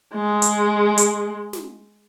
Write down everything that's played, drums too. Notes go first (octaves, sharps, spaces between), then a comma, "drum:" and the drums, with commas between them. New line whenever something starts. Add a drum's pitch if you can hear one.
G#3
drum: hi-hat
drum: hi-hat
drum: snare